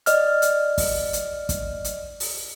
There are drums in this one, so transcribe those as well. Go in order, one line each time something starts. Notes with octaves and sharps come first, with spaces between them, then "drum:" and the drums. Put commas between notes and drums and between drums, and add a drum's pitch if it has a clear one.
D5 D#5 F6, drum: hi-hat
drum: hi-hat
drum: kick, open hi-hat
drum: hi-hat
drum: kick, hi-hat
drum: hi-hat
drum: open hi-hat